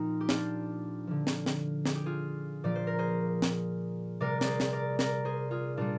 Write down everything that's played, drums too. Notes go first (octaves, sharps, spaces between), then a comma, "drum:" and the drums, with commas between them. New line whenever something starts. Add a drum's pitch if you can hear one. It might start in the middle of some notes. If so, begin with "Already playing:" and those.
Already playing: A#2 F3 C4 D#4 F4
G4
D4 F4, drum: snare
D3 F3
drum: snare
drum: snare
G#4, drum: snare
G4
F4 G#4
A#2 F3 D5
C5
A#4
G#4 C5
drum: snare
C3 G3 A#4 D5
D5, drum: snare
G#4 C5
drum: snare
A#4 D5
A#4 D5, drum: snare
G#4 C5
F4 G#4
A#2 G3 D4 F4